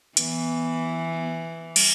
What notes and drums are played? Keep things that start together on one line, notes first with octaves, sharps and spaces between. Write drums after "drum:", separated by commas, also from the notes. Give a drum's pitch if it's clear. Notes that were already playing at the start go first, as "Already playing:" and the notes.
E3 B3, drum: hi-hat
G3, drum: cymbal